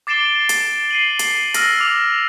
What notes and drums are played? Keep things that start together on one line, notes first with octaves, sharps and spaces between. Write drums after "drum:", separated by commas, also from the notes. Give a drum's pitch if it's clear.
D6 A6 C7 D7 E7 G7
drum: hi-hat
C7 D#7 F#7
drum: hi-hat
E6 F6 A#6, drum: hi-hat
D6 F7